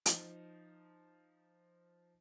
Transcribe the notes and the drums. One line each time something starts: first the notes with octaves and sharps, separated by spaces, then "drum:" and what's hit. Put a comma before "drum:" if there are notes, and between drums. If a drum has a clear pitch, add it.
F3 D#4, drum: hi-hat